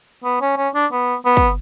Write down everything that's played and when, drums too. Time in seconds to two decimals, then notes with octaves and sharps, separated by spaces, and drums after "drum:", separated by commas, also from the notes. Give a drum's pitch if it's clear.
0.24 B3
0.41 C#4
0.57 C#4
0.74 D4
0.92 B3
1.25 B3
1.37 drum: kick